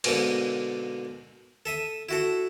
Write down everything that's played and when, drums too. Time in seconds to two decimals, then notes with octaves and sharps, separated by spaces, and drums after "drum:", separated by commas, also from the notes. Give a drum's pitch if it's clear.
0.04 G#2 B2 D3 A#3 D#4, drum: cymbal
1.66 A4 E5 D#6
2.09 E4 F#4 A4